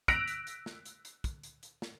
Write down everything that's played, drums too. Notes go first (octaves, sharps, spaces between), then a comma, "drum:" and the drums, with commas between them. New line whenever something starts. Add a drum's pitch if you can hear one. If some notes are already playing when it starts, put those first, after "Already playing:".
E6 F#6 A#6 B6 D7 F7, drum: kick, hi-hat
drum: hi-hat
drum: hi-hat
drum: snare
drum: hi-hat
drum: hi-hat
drum: kick, hi-hat
drum: hi-hat
drum: hi-hat
drum: snare